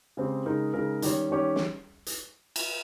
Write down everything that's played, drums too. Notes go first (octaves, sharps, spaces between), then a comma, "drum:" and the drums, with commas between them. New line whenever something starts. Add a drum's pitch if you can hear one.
C#3 G#3 C4 G4
C#3 G#3 D#4 A#4
C#3 G#3 D#4 A#4
D#3 G3 C#4 G4 C#5, drum: hi-hat
D#3 G3 C#4 G4 C#5
drum: snare
drum: hi-hat
drum: cymbal